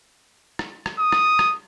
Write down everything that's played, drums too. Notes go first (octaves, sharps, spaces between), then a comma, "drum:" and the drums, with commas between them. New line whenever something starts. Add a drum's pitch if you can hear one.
drum: rim click
drum: rim click
D#6
drum: rim click
drum: rim click